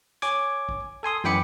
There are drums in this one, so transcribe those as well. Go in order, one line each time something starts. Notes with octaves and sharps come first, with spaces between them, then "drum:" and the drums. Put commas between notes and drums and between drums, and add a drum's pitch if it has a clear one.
C#5 G#5 D6 G#6, drum: hi-hat
drum: kick
A4 G#5 C6 D#6
F#2 E3 G5 B5 D6 C#7, drum: snare